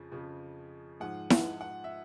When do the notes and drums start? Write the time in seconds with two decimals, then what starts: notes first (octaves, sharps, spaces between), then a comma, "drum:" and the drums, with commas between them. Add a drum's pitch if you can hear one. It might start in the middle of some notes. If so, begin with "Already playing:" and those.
Already playing: F2 C#3 F3
0.12 F2 C#3 F3
1.00 G#2 F3 F#5
1.30 F#5, drum: snare E4
1.61 F#5
1.84 E5